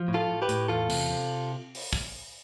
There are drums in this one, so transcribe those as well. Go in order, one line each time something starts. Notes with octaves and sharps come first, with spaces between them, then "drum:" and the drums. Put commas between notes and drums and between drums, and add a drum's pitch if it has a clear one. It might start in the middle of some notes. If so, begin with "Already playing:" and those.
Already playing: F3
A2
F4 A4
A2
G4 B4
A2, drum: hi-hat
E2 F4 A4
C3, drum: cymbal
C3
drum: open hi-hat
drum: kick